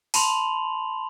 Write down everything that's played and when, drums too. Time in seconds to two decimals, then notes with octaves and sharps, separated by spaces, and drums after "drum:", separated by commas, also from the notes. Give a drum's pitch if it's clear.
0.14 A5 B5 C6 F7 F#7, drum: open hi-hat